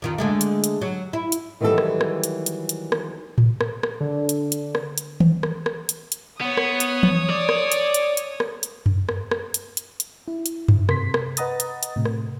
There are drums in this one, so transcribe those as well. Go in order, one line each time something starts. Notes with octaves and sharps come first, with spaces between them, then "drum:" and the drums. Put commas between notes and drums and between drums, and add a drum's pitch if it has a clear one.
F2 D#3 F4
D3 G#3 A3
drum: hi-hat
drum: hi-hat
F#3
E4
drum: hi-hat
D#3 E3 F#3 G3 A4
drum: rim click
drum: rim click
drum: hi-hat
drum: hi-hat
drum: hi-hat
drum: rim click
drum: tom A2
drum: rim click
drum: rim click
D3
drum: hi-hat
drum: hi-hat
drum: rim click
drum: hi-hat
drum: tom D#3
drum: rim click
drum: rim click
drum: hi-hat
drum: hi-hat
B3 C#5 D#6
drum: rim click
drum: hi-hat
drum: tom E3
D5
drum: rim click
drum: hi-hat
drum: hi-hat
drum: hi-hat
drum: rim click
drum: hi-hat
drum: tom F#2
drum: rim click
drum: rim click
drum: hi-hat
drum: hi-hat
drum: hi-hat
E4
drum: hi-hat
drum: tom F#2
C3 C6 B6, drum: rim click
drum: rim click
B4 D#5 F#5 A#5 D#6 A6, drum: hi-hat
drum: hi-hat
drum: hi-hat
A2 C3
drum: rim click